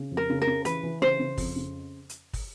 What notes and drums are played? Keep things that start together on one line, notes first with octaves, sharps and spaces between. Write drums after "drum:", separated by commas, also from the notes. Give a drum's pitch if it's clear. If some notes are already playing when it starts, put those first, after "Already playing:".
Already playing: C#3
F2
A#4
C#3
A#4
C#3
E3 B4, drum: hi-hat
E3
C#3 C5
C#3
F2, drum: kick, open hi-hat
C#3
drum: hi-hat
drum: kick, open hi-hat